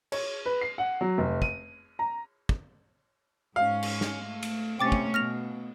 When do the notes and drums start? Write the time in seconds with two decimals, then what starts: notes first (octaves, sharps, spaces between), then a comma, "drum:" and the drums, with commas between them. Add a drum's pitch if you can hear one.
0.12 C#5, drum: cymbal
0.46 B4
0.61 C7
0.78 F#5
1.01 F#3
1.18 F1
1.42 D#7, drum: kick
1.99 A#5
2.49 drum: kick
3.56 G#2 C#4 F5
3.83 drum: cymbal
4.01 drum: snare
4.24 A3
4.43 drum: cymbal
4.79 C3 A3 C#4 G5 D6 A6
4.92 drum: kick
5.14 B2 F6 A#6 F7